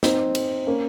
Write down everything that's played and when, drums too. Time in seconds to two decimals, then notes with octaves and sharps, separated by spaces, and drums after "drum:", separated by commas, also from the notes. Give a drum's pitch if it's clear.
0.03 C4 D#4, drum: snare
0.35 drum: cymbal
0.66 A#3 C#4